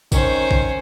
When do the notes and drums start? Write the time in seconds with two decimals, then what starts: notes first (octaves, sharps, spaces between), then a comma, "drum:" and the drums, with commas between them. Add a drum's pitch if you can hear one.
0.12 D#3 C#4 C5, drum: kick A1, tambourine
0.51 drum: kick A1